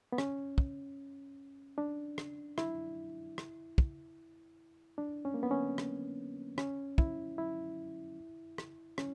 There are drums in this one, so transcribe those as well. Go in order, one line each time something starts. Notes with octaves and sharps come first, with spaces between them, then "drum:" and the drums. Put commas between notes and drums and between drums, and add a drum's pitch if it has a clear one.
B3
C#4, drum: rim click
drum: kick
D4
drum: rim click
E4, drum: rim click
drum: rim click
drum: kick
D4
C#4
A#3
B3
C#4
drum: rim click
C#4, drum: rim click
E4, drum: kick
E4
drum: rim click
C#4, drum: rim click